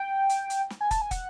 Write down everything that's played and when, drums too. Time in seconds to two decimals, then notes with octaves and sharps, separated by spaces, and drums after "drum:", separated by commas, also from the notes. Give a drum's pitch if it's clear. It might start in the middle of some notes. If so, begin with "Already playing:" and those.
Already playing: G5
0.30 drum: hi-hat
0.50 drum: hi-hat
0.70 drum: snare
0.81 G#5
0.91 A5, drum: kick, hi-hat
1.02 G#5
1.11 F#5, drum: kick, hi-hat